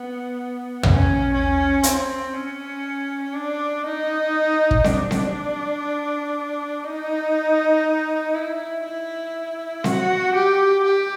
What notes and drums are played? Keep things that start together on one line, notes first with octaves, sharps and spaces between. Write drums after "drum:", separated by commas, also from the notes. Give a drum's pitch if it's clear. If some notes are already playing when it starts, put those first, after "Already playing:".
Already playing: B3
C#4, drum: tom
C#4
C4, drum: hi-hat
C#4
D4
D#4
drum: kick
D4, drum: snare C4
drum: snare C4
D#4
E4
E4
F#4, drum: snare C4
G4
G4